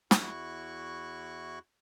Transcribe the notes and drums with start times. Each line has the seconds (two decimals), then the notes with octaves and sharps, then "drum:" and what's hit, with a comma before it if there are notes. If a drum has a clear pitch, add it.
0.11 E2 E4 F#4 C#6 F#6, drum: snare